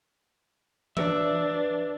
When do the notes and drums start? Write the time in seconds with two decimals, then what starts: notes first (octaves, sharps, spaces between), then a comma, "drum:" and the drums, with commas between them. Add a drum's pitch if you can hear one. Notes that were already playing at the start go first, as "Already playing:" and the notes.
0.97 D4 B4 E5, drum: tom E3